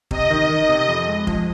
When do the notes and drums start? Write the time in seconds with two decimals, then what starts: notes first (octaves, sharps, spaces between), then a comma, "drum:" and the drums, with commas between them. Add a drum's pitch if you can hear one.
0.11 C3 D#5, drum: kick
0.30 D#3
0.49 D#3
0.69 C3
0.88 F2
1.08 G#3
1.27 F3, drum: kick